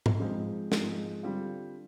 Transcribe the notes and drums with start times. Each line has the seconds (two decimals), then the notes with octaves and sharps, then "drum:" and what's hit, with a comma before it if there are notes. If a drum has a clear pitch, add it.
0.06 drum: tom G#2
0.20 G#2 F3 G#3 C4
0.72 G#2 F3 G#3 C4, drum: snare
1.23 D3 G3 C4 F4